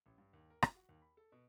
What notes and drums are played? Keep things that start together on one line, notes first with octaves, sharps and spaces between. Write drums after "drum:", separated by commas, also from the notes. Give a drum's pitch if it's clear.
A1
G2
D#2
A#4
F4, drum: rim click
F#4
D#2
B5
A4
B2